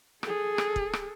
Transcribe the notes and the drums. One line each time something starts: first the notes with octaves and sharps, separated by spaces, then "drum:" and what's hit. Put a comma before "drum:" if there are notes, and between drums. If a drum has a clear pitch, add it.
G#4 A4, drum: rim click
drum: rim click
drum: kick
drum: rim click